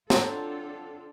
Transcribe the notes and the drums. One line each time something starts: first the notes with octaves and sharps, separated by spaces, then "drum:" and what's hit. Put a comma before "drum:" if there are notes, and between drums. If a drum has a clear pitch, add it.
D3 F#3 C4 D4 F4 A4, drum: snare